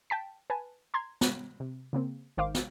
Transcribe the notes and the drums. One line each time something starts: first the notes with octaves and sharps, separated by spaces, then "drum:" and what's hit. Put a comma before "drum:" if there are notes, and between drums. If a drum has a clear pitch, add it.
G5 A5 B6
B4 G#5 A5
A#5 C6 G#6
drum: snare
C3
C#3 A#3 C4
G#1 D#3 C5 F5 D6
drum: snare